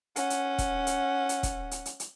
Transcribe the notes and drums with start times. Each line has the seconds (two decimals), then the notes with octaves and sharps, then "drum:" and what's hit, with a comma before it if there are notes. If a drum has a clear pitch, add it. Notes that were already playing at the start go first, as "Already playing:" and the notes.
0.16 C#4 F#5, drum: hi-hat
0.30 drum: hi-hat
0.58 drum: kick E1, hi-hat
0.87 drum: hi-hat
1.29 drum: hi-hat
1.43 drum: kick E1, hi-hat
1.71 drum: hi-hat
1.86 drum: hi-hat
2.00 drum: hi-hat